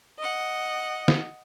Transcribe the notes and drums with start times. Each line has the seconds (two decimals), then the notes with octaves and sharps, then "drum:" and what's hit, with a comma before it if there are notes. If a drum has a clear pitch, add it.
0.18 D#5 F#5
1.08 drum: snare